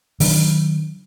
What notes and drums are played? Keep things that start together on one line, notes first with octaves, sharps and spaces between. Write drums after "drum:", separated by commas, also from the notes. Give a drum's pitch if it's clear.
D#3 F#3 D4, drum: open hi-hat